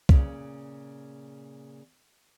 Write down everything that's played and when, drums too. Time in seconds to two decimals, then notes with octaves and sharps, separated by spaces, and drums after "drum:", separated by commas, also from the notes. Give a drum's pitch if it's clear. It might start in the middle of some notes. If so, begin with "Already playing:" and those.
0.09 A#2 C#3, drum: kick C2